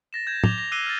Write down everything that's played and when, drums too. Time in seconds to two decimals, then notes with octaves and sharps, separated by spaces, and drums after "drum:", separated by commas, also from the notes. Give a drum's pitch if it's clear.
0.13 A6 A#6 E7
0.27 G6 G#6 E7
0.44 D6 F7 G7, drum: tom
0.58 A#6
0.72 D6 E6 F#6 C7 D#7 G7
0.86 F6 A6